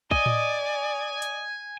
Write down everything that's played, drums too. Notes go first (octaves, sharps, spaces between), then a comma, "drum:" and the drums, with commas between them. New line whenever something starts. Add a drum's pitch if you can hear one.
D5 D#5 G#5, drum: kick
drum: tom A2
drum: hi-hat